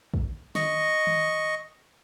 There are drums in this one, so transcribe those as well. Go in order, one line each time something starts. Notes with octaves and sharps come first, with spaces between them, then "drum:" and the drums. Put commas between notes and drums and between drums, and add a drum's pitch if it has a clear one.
drum: kick
D#5 C#6, drum: snare
drum: tom D#3